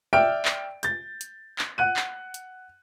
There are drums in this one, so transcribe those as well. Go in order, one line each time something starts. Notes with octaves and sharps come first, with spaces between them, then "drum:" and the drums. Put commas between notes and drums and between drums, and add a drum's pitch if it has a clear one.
D5 E5 G5 F6 D7
drum: clap
G6 A6, drum: hi-hat
drum: hi-hat
drum: clap
F#5 F#6 D#7
drum: clap
drum: hi-hat